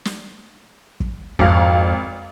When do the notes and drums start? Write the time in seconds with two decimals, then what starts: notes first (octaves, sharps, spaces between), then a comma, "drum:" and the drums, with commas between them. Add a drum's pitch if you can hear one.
0.05 drum: snare
1.00 drum: kick
1.39 G#1 F2 F5, drum: kick